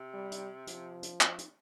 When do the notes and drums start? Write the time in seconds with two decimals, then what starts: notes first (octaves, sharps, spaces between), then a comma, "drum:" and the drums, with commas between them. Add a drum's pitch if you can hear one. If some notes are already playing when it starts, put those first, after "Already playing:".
Already playing: C3
0.14 G3
0.32 drum: hi-hat
0.67 F3, drum: hi-hat
1.03 drum: hi-hat
1.21 drum: clap
1.39 drum: hi-hat